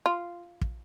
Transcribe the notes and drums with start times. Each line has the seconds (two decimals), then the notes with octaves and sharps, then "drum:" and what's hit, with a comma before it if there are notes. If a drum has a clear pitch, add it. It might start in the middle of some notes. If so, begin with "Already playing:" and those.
0.06 F4
0.61 drum: kick